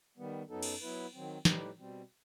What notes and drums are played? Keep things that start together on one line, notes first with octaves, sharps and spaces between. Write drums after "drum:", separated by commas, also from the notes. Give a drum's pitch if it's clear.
D#3 G3 B3
F#2 F#3 B3 D#4 A4
drum: cymbal
F#3 B3 E4 B4
D#3 F#3 C4
A2 G3 D#4 G4 B4, drum: snare
B2 G3 C4